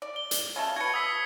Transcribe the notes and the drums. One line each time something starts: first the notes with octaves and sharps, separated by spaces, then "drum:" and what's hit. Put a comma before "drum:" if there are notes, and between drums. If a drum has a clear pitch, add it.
D5
G7
drum: hi-hat
C#3 A3 A5
F#4 B4 G#6 C#7
D#6 E6 B6